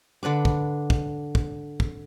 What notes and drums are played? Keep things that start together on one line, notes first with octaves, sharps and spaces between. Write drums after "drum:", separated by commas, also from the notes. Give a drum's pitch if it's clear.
D3 D4 B4 D6
drum: kick
drum: kick
drum: kick
drum: kick